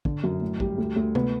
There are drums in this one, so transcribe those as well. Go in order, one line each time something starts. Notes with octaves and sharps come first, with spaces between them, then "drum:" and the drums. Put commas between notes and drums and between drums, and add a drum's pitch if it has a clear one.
D3, drum: kick
F#2
A2
G3, drum: kick
D2
D2
B3, drum: tom C3